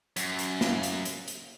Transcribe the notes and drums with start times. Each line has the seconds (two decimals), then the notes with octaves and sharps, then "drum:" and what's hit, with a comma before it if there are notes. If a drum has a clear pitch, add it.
0.17 F#2, drum: hi-hat
0.39 drum: hi-hat
0.61 drum: snare
0.83 drum: hi-hat
1.05 drum: hi-hat
1.28 drum: hi-hat